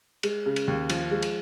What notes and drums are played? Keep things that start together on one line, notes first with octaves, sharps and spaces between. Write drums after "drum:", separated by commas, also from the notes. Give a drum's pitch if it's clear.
G#3, drum: cymbal
C#3
drum: cymbal
D#2
F3, drum: cymbal
G#3
drum: cymbal